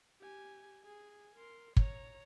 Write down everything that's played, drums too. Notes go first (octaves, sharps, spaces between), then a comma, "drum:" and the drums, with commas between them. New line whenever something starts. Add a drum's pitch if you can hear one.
G4 G#5
G#4 G#5
A#4 C6
C#5 A#5, drum: kick